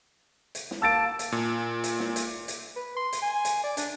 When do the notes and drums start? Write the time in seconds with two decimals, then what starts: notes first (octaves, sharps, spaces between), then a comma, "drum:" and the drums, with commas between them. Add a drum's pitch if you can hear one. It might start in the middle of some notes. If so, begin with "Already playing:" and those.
0.55 drum: hi-hat
0.71 drum: snare
0.82 A#3 A5 E6 A6 D7
1.19 drum: hi-hat
1.32 A#2
1.84 drum: hi-hat
2.00 drum: snare
2.16 drum: hi-hat
2.48 drum: hi-hat
2.76 B4
2.96 C6
3.13 drum: hi-hat
3.22 G#5
3.45 drum: hi-hat
3.63 D5
3.77 D4, drum: hi-hat